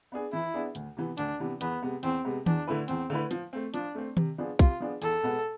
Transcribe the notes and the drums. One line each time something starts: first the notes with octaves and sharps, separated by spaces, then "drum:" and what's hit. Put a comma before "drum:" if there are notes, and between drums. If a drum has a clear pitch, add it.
B3 D4 G#4
E3 E4
B3 D4 G#4
D2, drum: hi-hat
C3 E3 B3
D2 D4, drum: hi-hat
C3 E3 B3
E2 B3, drum: hi-hat
C3 G#3 B3
E2 C4, drum: hi-hat
C3 G#3 B3
E2 D4, drum: tom D#3
D3 A3 E4 B4
E2 C4, drum: hi-hat
D3 A3 E4 B4
F3, drum: hi-hat
A3 C4
F3 D4, drum: hi-hat
A3 C4
C3, drum: tom D#3
F3 B3 D4 G#4
C3 F4, drum: kick, hi-hat
F3 B3 D4 G#4
E2 A4, drum: hi-hat
B2 G#3 B3